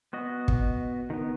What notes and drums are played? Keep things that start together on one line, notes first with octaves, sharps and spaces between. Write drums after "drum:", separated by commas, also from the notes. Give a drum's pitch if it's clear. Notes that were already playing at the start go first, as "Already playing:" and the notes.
B3 F#4 D#5
drum: kick
D#3 B3